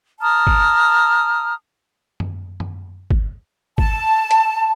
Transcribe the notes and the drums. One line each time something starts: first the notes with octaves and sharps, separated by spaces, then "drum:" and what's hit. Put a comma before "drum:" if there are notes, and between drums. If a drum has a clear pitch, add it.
A5 A#5 D#6 F6
drum: kick
drum: tom F#2
drum: tom F#2
drum: kick
A5, drum: kick
drum: hi-hat